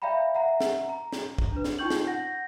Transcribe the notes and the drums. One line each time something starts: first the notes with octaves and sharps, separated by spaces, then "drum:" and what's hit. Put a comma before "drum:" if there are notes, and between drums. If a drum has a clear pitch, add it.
D5 E5 F5 G5 A#5 B5
E5 F#5 A#5
drum: snare
A#5
drum: snare
drum: kick
D4 B4
drum: snare
D#4 F4 G5 C#6 G6 F#7
drum: snare
F#5 G6 A#6